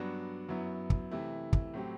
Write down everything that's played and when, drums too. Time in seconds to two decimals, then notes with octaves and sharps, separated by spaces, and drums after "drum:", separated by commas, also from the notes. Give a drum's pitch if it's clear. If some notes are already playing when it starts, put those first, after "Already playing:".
Already playing: G2 F#3 B3 D4 F#4
0.49 F#2 F#3 B3 E4
0.90 drum: kick
1.11 C3 E3 A3 E4
1.53 drum: kick
1.74 A2 F#3 C4 G4